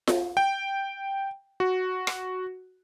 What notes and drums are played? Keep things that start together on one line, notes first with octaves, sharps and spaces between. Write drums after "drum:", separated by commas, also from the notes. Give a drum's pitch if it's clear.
drum: snare F4
G5
F#4
drum: rim click